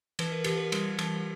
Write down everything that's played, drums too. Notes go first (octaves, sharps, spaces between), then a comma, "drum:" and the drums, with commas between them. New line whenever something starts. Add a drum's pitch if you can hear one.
E3 B4, drum: cymbal
A#4
E3 G4, drum: cymbal
A#4
G3, drum: cymbal
E3, drum: cymbal